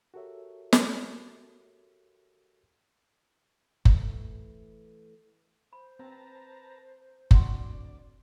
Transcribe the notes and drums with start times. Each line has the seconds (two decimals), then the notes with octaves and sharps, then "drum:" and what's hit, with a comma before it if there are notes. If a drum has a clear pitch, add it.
0.14 F#4 G4 A4 A#4 C#5 E5
0.73 drum: snare
3.85 E3 A3, drum: kick F#1
5.73 C5 B5
5.99 C4 B4 A5 A#5
7.31 D2 C4 F#4 D5 F#5 C6, drum: kick F#1